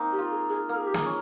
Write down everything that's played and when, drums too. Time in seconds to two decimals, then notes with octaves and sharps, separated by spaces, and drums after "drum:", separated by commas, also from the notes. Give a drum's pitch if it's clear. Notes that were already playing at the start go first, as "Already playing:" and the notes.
Already playing: A#3 C4 D#4
0.12 G4
0.18 F4
0.31 G#4
0.49 G#4
0.69 A#3 A#4
0.77 G#4
0.87 G4
0.94 G#4, drum: snare
1.06 C#4